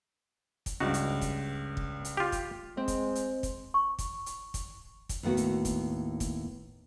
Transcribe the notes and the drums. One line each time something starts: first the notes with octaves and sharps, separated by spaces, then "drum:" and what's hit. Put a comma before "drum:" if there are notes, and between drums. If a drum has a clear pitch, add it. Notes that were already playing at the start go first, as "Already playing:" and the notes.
drum: kick, hi-hat
C#2 G2 F#4
drum: hi-hat
drum: kick, hi-hat
drum: kick
drum: hi-hat
F4 G4
drum: kick, hi-hat
G#3 C4
drum: kick, hi-hat
drum: hi-hat
drum: kick, hi-hat
C#6
drum: kick, hi-hat
drum: hi-hat
drum: kick, hi-hat
drum: kick, hi-hat
D#2 A2 B3 F#4
drum: hi-hat
drum: kick, hi-hat
drum: kick, hi-hat